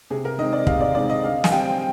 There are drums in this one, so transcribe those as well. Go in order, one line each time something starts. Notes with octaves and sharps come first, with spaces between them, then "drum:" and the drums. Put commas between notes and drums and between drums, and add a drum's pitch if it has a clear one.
C3 G#4
A#4
D#3 G#3 C4 D#5
D5
C3 F5, drum: kick
D5
D#3 G#3 C4 D5
D#5
D3 F5
G#5, drum: snare
G3 C4 G5